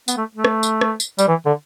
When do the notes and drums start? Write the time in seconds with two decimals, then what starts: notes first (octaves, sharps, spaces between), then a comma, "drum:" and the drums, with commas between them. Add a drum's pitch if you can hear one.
0.08 B3, drum: tambourine
0.17 A3
0.35 A3
0.45 drum: rim click
0.63 drum: tambourine
0.81 drum: rim click
1.00 drum: tambourine
1.19 G3, drum: tambourine
1.28 E3
1.46 D3